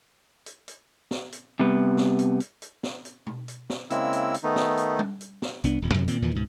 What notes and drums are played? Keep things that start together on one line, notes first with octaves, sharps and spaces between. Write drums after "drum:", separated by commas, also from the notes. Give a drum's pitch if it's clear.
drum: hi-hat
drum: hi-hat
drum: snare
drum: hi-hat
C3 G3 B3
drum: snare
drum: hi-hat
drum: hi-hat
drum: hi-hat
drum: snare
drum: hi-hat
drum: tom B2
drum: hi-hat
drum: snare
C#3 G#3 A#3 C4 E4 E6, drum: hi-hat
drum: hi-hat
drum: hi-hat
D#3 A3 B3 D#4
drum: snare
drum: hi-hat
drum: tom G3
drum: hi-hat
drum: snare
C2 B3 D4, drum: hi-hat
D#1 F2
F2 C3 D#3 F#3
A#2 D#3 C4, drum: hi-hat
E2 A#2 D#3 E3
C#2 G#2 B2